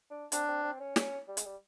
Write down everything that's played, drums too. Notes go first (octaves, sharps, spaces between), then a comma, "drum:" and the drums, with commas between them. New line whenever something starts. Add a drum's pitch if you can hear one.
D4
C4 D4, drum: hi-hat
C4
C4
C#4
C#4, drum: snare
G3
G#3, drum: hi-hat
G3